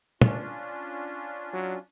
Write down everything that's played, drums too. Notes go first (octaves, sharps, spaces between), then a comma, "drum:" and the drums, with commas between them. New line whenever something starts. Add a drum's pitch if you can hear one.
C#4 D4 F4, drum: tom
F#3